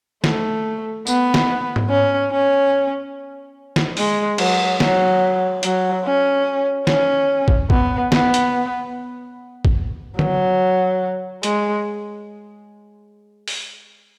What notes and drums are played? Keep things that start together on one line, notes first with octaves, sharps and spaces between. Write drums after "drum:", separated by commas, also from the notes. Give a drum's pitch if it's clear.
A3, drum: snare
B3, drum: tambourine
drum: snare
drum: tom G#2
C#4
C#4
drum: snare
G#3, drum: open hi-hat
F#3, drum: cymbal
F#3, drum: snare
F#3, drum: hi-hat
C#4
C#4, drum: snare
drum: kick
B3, drum: kick
B3, drum: snare
drum: hi-hat
drum: kick
F#3, drum: tom D3
G#3, drum: hi-hat
drum: open hi-hat